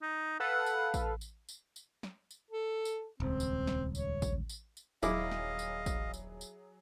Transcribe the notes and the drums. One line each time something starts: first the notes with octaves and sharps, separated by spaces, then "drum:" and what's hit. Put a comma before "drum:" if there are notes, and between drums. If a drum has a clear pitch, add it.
D#4
A4 B4 F5 F#5
drum: tambourine
drum: kick A1, tambourine
drum: tambourine
drum: tambourine
drum: tambourine
drum: snare
drum: tambourine
A4
drum: tambourine
D#1 C#2 C4
drum: tambourine
drum: snare
C#5, drum: tambourine
drum: kick A1, tambourine
drum: tambourine
drum: tambourine
D#1 F#3 E4 G#4 D#5 F5 D6, drum: tambourine
drum: snare
drum: tambourine
drum: kick A1, tambourine
drum: tambourine
drum: tambourine